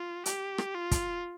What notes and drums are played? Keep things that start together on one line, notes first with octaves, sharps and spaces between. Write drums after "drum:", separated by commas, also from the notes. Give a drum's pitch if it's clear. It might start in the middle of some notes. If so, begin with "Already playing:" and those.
Already playing: F4
G4, drum: hi-hat
drum: rim click
F4
drum: kick, hi-hat